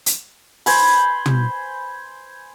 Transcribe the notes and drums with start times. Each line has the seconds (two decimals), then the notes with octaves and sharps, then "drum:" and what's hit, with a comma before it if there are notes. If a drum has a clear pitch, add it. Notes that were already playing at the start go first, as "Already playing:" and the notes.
0.06 drum: hi-hat
0.66 C5 G#5 B5, drum: open hi-hat
1.26 drum: tom